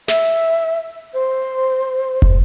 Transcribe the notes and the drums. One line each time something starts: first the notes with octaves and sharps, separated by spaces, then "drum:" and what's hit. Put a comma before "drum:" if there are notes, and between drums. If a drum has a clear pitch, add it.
E5, drum: snare
C5
drum: kick